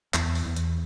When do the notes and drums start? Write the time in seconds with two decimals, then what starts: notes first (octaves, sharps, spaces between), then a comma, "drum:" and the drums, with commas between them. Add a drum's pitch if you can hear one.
0.14 E2, drum: clap
0.35 drum: open hi-hat
0.46 E2
0.56 drum: hi-hat